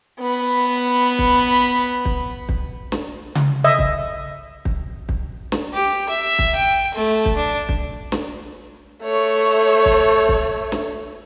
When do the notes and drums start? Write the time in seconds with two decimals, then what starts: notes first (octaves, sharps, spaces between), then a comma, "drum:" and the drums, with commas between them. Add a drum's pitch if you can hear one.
0.20 B3 B5
1.19 drum: kick
2.05 drum: kick
2.49 drum: kick
2.92 drum: snare
3.35 drum: tom C#3
3.64 D#5 E5
3.79 drum: kick
4.65 drum: kick
5.09 drum: kick
5.52 drum: snare
5.74 G4
6.09 E5
6.39 drum: kick
6.56 G5
6.94 A3
7.25 drum: kick
7.36 D4
7.69 drum: kick
8.12 drum: snare
9.03 A3 C#5
9.85 drum: kick
10.29 drum: kick
10.72 drum: snare